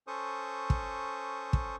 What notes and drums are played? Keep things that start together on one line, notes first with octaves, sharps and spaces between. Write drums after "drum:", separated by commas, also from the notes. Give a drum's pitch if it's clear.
C#4 A4 C5 C#6 D#6
drum: kick
drum: kick